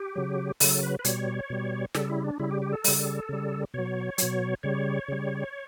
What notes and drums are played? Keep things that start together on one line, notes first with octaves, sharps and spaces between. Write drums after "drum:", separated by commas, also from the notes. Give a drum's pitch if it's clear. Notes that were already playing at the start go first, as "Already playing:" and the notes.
Already playing: G4
C#3 F#3
C#3 F#3 A4, drum: open hi-hat
B4
B4
B2 G3 C#5, drum: hi-hat
B2 G3
C#3 G3 A4, drum: snare
E4
D4
C#3 G3 E4
G4
G4
A4
C#3 G3, drum: open hi-hat
C#3 G3
B2 F#3 C#5
B2 F#3, drum: hi-hat
C#3 G3 C#5
C#3 G3